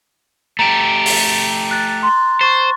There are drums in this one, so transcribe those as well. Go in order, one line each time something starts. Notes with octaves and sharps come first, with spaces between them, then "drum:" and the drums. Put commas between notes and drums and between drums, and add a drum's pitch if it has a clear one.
A3 G4 A#5 E7
drum: open hi-hat
F#6 A6
C6
C5 C#6 A6